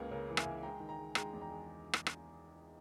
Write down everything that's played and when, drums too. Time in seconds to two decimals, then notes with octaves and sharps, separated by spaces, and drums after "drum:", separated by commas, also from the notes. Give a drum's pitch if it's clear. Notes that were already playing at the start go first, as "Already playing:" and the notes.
Already playing: C#2 C#3 A#3 G#4 A#4 B4 C#5
0.11 C#3 A#4
0.29 E3
0.37 E5 G#5, drum: rim click
0.46 C#2
0.63 G#3 G5 A#5
0.80 D#3
0.89 G5 A#5
0.98 G#3
1.15 G#3 G5 A#5, drum: rim click
1.33 E2
1.41 G5 A#5
1.50 G#3
1.93 drum: rim click
2.06 drum: rim click